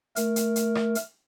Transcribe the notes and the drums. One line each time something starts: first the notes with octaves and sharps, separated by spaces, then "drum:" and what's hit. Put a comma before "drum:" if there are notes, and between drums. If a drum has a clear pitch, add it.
A3 A#4, drum: hi-hat
drum: hi-hat
drum: hi-hat
drum: rim click
drum: hi-hat